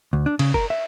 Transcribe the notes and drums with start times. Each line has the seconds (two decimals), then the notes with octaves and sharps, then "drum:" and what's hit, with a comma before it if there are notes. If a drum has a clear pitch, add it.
0.13 D2
0.26 D4
0.39 C#3, drum: cymbal
0.54 A#4, drum: kick
0.70 E5